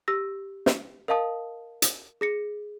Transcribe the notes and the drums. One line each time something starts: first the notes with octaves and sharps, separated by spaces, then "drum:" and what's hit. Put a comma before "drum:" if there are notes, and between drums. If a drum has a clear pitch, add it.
G4 E6 A#6
drum: snare
A#4 D#5 F5 A5 D#6
drum: hi-hat
G#4 A#6 C#7